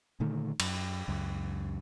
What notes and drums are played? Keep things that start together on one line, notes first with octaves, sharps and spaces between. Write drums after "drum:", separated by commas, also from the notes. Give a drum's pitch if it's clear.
A#2 D3 D#3 A3
F#2, drum: cymbal
C#2 F#2